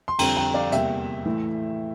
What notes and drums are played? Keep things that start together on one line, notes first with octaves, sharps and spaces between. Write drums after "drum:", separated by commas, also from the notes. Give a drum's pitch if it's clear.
C6
F2 D3 G3 C4 G5 A#5, drum: cymbal
G5 A#5
D5 F5
E2 C3 G3 A#3 E5 G5, drum: hi-hat
A2 E3 A3